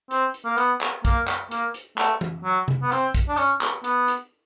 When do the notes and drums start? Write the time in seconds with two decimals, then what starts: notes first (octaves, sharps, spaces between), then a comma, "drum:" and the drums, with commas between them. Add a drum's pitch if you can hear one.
0.11 C4, drum: hi-hat
0.34 drum: hi-hat
0.45 A#3
0.58 B3, drum: hi-hat
0.81 drum: clap
1.05 A#3, drum: kick, hi-hat
1.28 drum: clap
1.51 A#3, drum: hi-hat
1.74 drum: hi-hat
1.98 A3, drum: clap
2.21 drum: tom E3
2.44 F#3
2.68 drum: tom C3
2.82 B3
2.92 C4, drum: hi-hat
3.15 drum: kick, hi-hat
3.29 D4
3.37 C#4, drum: hi-hat
3.61 drum: clap
3.84 B3, drum: hi-hat
4.08 drum: hi-hat